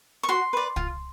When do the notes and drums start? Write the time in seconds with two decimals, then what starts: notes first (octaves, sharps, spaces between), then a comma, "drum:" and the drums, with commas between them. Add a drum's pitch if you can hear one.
0.23 C#6
0.29 F#4 C6
0.53 B4 D5
0.76 F4, drum: kick